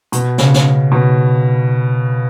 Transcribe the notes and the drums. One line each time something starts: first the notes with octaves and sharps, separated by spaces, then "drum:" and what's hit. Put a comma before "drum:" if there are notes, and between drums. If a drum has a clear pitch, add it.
B2, drum: hi-hat
C#3, drum: snare
drum: snare
B2